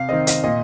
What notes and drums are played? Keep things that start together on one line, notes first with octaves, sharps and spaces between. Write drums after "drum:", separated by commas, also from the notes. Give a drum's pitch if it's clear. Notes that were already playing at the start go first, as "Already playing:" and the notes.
Already playing: C3 F5
D#3 C4 D#5
D#5, drum: hi-hat
A#2 D#5